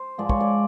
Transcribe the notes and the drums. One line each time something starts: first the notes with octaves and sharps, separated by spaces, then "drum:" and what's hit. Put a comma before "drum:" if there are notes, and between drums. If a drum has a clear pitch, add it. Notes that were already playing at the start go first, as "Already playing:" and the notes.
Already playing: C5
G#2 F3 G#3 D5
C#5, drum: kick
D5